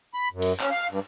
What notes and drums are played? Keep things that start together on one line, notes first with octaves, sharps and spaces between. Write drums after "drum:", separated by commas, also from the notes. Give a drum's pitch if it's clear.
B5
F#2
drum: cymbal
C#4, drum: clap
F5
G2